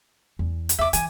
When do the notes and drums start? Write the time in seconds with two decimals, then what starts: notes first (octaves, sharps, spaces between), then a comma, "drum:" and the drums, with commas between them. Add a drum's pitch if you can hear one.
0.39 E2
0.69 drum: hi-hat
0.79 E2 E5 D6
0.93 E3 G#5, drum: hi-hat